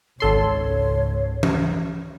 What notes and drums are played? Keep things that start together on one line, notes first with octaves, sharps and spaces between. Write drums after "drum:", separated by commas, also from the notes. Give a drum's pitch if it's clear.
G#1 C#2 G#2 A4 C#5 C6
drum: tom E3